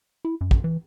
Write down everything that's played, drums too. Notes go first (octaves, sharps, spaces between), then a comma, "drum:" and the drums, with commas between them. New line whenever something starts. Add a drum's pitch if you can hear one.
E4
F#2
drum: kick
E3